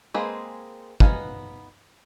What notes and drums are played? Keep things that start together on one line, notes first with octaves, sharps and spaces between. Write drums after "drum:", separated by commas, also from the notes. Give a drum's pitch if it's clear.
G#3 A#3 C4 G#4 B4
B3 D#4 F5 F#5 G#5, drum: kick